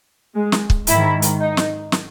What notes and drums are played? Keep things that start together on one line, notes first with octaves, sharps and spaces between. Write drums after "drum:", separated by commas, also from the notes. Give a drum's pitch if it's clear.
G#3
drum: snare
drum: kick
G#2 D#3 E4, drum: hi-hat
drum: hi-hat
D#4
drum: snare
drum: snare